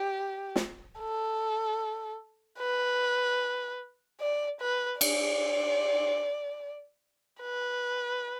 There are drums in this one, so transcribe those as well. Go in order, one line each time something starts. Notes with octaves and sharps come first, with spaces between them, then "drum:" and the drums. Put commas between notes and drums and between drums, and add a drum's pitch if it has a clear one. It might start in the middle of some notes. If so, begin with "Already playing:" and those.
Already playing: G4
drum: snare
A4
B4
D5
B4
D5, drum: cymbal
B4